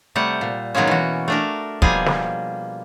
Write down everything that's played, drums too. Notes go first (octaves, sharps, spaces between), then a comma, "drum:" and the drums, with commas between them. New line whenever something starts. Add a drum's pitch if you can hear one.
C3 G3 A3 F#5
A#2
B2 D#3 F#3 G#3 A#3 C#4
E3 F#4
A3 D4 A#4
B2 F3 G3 A#3 G#4 G#5, drum: kick
drum: snare